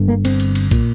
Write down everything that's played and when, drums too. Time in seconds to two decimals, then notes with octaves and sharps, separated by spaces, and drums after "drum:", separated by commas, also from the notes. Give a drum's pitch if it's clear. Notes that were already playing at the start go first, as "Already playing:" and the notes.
Already playing: G1 G2 D3
0.08 A#3
0.25 C4, drum: cymbal
0.40 drum: cymbal
0.55 drum: cymbal
0.71 A#2, drum: kick, cymbal